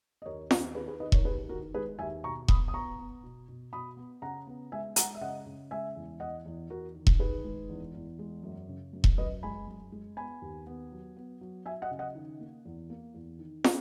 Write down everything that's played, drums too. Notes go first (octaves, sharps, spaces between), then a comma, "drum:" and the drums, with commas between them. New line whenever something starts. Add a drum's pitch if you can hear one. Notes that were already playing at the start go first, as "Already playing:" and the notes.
D#5
D#2 A#4 C#5
D#2, drum: snare
D#3 G#4 B4
G#4 B4
D#3 B4 D#5
A#4 C#5, drum: kick E1
D#2 G#4 B4
D#3 F#4 A#4
G#3 G#4 B4
D#2 E5 G#5
B2 A#5 C#6
B3 B5 D#6, drum: kick E1
D#6
B3 A#5 C#6
B3
B2
B2
B2 B5 D#6
B3
C#3 F#5 A#5
B3
G#3 E5 G#5
G#3 F#5 A#5, drum: hi-hat
E5
C#3 D#5 F#5
C#3
G#3 E5 G#5
E2
E2 D#5 F#5
E2
E2 F#4 A#4
D#3
drum: kick E1
D#3 G#4 B4
G#3
E2
E2
G#3
F#2
C#3
F#2
drum: kick E1
F#2 B4 D#5
G#3 G#5 B5
F#2
G#3
B3 G#5 B5
D#2
B3
F#3
B3
F#3
F#3 E5 G#5
D#5 F#5
C#3
D#5 F#5
D#3
A#3
E2
A#3
E2
D#3
G#4, drum: snare